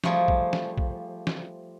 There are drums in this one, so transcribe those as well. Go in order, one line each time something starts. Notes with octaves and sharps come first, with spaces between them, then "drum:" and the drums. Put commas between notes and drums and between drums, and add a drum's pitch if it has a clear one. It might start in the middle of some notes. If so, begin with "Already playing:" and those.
F3 G3 A3 G#4, drum: snare
drum: kick B1
drum: snare
drum: kick B1
drum: snare